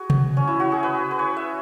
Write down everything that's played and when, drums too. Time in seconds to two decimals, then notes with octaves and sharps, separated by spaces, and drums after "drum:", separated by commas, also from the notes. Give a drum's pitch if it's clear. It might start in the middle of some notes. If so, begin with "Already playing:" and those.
Already playing: F#4 G#4
0.10 drum: tom C3
0.37 C#4
0.47 E4
0.60 F#4
0.72 G#4
0.83 B4
1.11 B4
1.19 C#5
1.37 E5